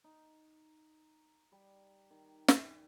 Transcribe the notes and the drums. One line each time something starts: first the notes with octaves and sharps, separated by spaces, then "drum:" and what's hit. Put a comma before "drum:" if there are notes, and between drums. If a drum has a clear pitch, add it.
D#4
G3
D#3
drum: snare